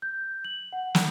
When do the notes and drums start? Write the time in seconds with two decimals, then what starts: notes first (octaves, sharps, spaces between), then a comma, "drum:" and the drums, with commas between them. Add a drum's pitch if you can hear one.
0.02 G6
0.45 F#7
0.73 F#5
0.95 drum: snare